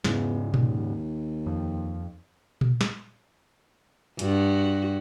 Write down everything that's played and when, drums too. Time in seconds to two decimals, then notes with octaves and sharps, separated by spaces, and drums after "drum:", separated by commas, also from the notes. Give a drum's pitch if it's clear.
0.04 E2 G#2 C#3, drum: snare
0.54 D#2, drum: tom A#2
1.46 F2
2.61 drum: tom A#2
2.81 drum: snare
4.19 G2 F#4, drum: hi-hat